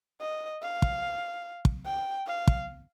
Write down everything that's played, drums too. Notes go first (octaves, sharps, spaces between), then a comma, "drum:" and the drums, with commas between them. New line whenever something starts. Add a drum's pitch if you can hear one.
D#5
F5
drum: kick
drum: kick
G5
F5
drum: kick